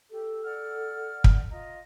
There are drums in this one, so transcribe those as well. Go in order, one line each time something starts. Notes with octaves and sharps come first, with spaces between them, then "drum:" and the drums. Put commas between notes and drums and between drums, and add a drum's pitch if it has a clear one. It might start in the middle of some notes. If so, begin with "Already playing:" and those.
G4 A4
D5 F#5 F6
drum: kick
F4 D#5 A#5